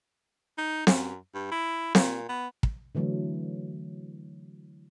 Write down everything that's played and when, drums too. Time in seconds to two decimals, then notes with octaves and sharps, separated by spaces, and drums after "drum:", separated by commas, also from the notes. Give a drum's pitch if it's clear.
0.58 D#4
0.87 F#2, drum: snare C4
1.34 G2
1.51 E4
1.95 A#2, drum: snare C4
2.29 B3
2.63 drum: kick
2.95 D3 E3 F#3 A3 E4